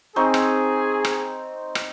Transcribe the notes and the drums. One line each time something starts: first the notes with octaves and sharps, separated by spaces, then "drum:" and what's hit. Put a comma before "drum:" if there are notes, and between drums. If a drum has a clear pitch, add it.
C4 D#4 G#4 C#6
drum: rim click
drum: rim click
drum: rim click